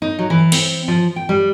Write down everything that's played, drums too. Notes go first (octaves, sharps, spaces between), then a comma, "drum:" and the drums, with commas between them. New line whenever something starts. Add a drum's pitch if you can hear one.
D#4
F#3
E3
C4, drum: cymbal
F3
G5
G3